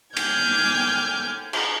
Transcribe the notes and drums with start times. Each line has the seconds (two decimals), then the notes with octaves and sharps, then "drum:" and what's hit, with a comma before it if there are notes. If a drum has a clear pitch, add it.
0.17 G5 G#5 D6 F6 G6 G#6, drum: cymbal
1.53 drum: cymbal